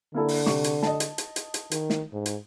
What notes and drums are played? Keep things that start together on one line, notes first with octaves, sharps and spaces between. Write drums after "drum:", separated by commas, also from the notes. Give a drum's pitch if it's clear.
D3 A#3 E4 A4
drum: open hi-hat
C3 C#6, drum: snare
drum: hi-hat
D#5 A5, drum: snare
drum: hi-hat
drum: hi-hat
drum: hi-hat
drum: hi-hat
D#3, drum: hi-hat
drum: snare
G#2
drum: hi-hat